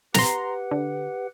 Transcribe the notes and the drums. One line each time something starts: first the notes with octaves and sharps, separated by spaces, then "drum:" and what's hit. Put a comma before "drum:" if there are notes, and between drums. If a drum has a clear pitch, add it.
G4 B4 F#5 A#5 C6, drum: snare
D3